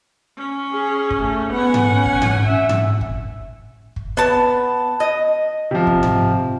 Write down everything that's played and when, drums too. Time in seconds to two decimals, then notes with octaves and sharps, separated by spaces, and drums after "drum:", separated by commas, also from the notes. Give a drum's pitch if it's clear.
0.37 C#4
0.72 G#4
1.10 drum: kick
1.22 A3
1.53 B3 F#5 G#5
1.74 drum: tom G#2
1.91 C#4
2.06 drum: kick
2.22 drum: tom G#2
2.47 E5
2.69 drum: tom G#2
3.01 drum: kick
3.96 drum: kick
4.17 B3 A5
5.00 D#5
5.71 C3 F3
5.87 drum: kick
6.03 drum: tom G#2